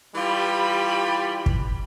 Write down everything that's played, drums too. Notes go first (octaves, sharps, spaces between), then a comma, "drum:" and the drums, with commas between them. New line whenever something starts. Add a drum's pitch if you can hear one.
E3 G3 F4 G4 B5
drum: kick